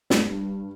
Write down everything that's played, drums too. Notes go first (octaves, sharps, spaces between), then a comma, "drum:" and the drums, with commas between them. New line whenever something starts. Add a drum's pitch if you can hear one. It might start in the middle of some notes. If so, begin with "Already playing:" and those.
G2, drum: snare